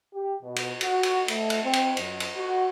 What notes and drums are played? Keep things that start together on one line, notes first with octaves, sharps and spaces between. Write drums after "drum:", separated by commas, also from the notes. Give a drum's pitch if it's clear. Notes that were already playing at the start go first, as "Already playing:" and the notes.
G4
B2
drum: cymbal
F#4, drum: cymbal
drum: cymbal
A3, drum: cymbal
drum: cymbal
C4
drum: cymbal
F#2, drum: cymbal
drum: cymbal
F#4